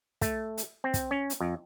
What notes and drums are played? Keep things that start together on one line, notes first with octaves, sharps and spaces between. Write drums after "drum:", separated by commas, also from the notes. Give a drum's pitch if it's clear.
A3, drum: kick, hi-hat
drum: hi-hat
C4
drum: kick, hi-hat
C#4
drum: hi-hat
F2